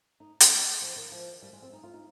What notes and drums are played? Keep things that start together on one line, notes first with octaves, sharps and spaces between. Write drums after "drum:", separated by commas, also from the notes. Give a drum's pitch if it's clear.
D#4
C#4, drum: hi-hat
G#3
F3
D#3
F3
G3
G#3
C4
D#4
F4
D#4